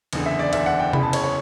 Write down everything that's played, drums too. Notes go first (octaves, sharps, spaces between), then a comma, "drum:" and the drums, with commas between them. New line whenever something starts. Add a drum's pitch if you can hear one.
F#1 E2 D3, drum: cymbal
E5
D5
F#1 E2 D3 E5, drum: cymbal
F#5
G5
F#1 E2 C#3 E3 B5, drum: tom C3
A5
C#5, drum: cymbal
C#5